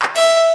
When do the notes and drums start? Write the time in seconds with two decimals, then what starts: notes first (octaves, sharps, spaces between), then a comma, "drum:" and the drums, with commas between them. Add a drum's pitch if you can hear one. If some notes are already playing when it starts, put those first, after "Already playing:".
0.02 drum: clap
0.16 E5, drum: cymbal